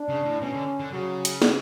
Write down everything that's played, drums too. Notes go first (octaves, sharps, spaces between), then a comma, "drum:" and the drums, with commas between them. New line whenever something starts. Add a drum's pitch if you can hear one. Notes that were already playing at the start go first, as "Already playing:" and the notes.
Already playing: D4
C#3
A2
B2 C#4
D3
D3
C#3 F#3
drum: hi-hat
drum: snare